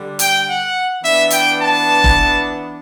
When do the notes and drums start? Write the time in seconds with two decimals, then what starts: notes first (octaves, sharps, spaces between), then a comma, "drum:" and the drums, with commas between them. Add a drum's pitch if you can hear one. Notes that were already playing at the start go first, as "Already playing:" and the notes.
Already playing: D3 G3 D4
0.19 G5, drum: hi-hat
0.46 F#5
1.02 E3 B3 D4 E5
1.30 G5, drum: hi-hat
1.59 A5
2.04 drum: kick F1